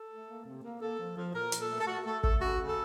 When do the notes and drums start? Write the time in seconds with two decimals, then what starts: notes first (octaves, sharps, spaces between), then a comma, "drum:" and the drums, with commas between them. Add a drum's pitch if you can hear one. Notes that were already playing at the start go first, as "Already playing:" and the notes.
Already playing: A4
0.09 A3
0.27 A#3
0.45 C3
0.63 A#3
0.81 A#3 A4
0.99 F3
1.17 F3
1.34 A#2 A#4
1.52 A#2, drum: hi-hat
1.61 A4
1.69 A3
1.80 A4
1.87 A3 F#4
2.05 A3 A4
2.24 A3 A4, drum: kick
2.41 C#3 F#4
2.60 C#3
2.68 A4